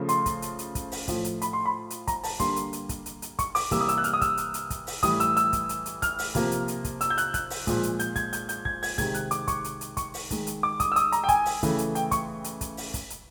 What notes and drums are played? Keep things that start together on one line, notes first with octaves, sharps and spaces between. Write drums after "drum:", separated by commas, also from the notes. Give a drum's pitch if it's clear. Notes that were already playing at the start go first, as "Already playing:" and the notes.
Already playing: C#3 F3 A3
C6, drum: hi-hat
drum: kick, hi-hat
drum: hi-hat
drum: hi-hat
drum: kick, hi-hat
drum: open hi-hat
A2 F3 A3, drum: kick, hi-hat
drum: hi-hat
B5, drum: hi-hat
C6
B5
drum: hi-hat
A#5, drum: kick, hi-hat
A5, drum: open hi-hat
D3 G3 A#3 C6, drum: kick, hi-hat
drum: hi-hat
drum: hi-hat
drum: kick, hi-hat
drum: hi-hat
drum: hi-hat
C#6, drum: kick, hi-hat
D6, drum: open hi-hat
C3 E3 G3 A#3 E6, drum: kick, hi-hat
D#6
E6, drum: hi-hat
F#6
F6, drum: hi-hat
D#6
E6, drum: kick, hi-hat
drum: hi-hat
drum: hi-hat
drum: kick, hi-hat
drum: open hi-hat
A2 E3 G3 D#6, drum: kick, hi-hat
E6, drum: hi-hat
E6, drum: hi-hat
drum: kick, hi-hat
drum: hi-hat
drum: hi-hat
F6, drum: kick, hi-hat
drum: open hi-hat
C3 F3 A#3, drum: kick, hi-hat
drum: hi-hat
drum: hi-hat
drum: kick, hi-hat
E6, drum: hi-hat
G6
F#6, drum: hi-hat
F#6, drum: kick, hi-hat
drum: open hi-hat
A#2 F3 G#3, drum: kick, hi-hat
drum: hi-hat
G6, drum: hi-hat
G#6, drum: kick, hi-hat
G6, drum: hi-hat
G6, drum: hi-hat
G#6, drum: kick
G#6, drum: open hi-hat
C3 D#3 G#3 G#6, drum: kick, hi-hat
F#6, drum: hi-hat
D6, drum: hi-hat
C#6, drum: kick, hi-hat
drum: hi-hat
drum: hi-hat
C#6, drum: kick, hi-hat
drum: open hi-hat
D#3 G#3, drum: kick, hi-hat
drum: hi-hat
D6
D#6, drum: kick, hi-hat
E6
D#6, drum: hi-hat
A#5, drum: hi-hat
G5
G#5, drum: kick, hi-hat
drum: open hi-hat
C#3 E3 A3, drum: kick, hi-hat
drum: hi-hat
G5, drum: hi-hat
C#6, drum: kick, hi-hat
drum: hi-hat
drum: kick, hi-hat
drum: open hi-hat
drum: kick, hi-hat
drum: hi-hat